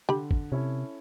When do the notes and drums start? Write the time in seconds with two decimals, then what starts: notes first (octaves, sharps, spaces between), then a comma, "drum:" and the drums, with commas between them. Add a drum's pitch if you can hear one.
0.09 D3 G4 B5
0.31 drum: kick G1
0.52 C3 C#4 E4 A4